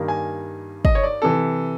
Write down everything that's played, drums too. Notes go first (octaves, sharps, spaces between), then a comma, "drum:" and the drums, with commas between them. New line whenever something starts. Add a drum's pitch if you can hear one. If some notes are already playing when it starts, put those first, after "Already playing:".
Already playing: G2 D#3 G3 A#3
G#5
D#5, drum: kick
C#5
D5
C3 E3 A4